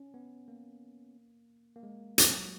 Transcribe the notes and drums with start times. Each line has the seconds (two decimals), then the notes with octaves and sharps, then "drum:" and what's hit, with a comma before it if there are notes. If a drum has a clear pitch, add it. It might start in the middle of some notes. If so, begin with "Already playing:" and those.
Already playing: C#4
0.14 B3
0.48 A#3
1.76 A#3
1.83 G#3
2.18 F#3, drum: hi-hat